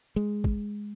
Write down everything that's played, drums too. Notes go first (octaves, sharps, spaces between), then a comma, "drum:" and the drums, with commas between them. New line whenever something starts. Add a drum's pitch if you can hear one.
G#3
drum: kick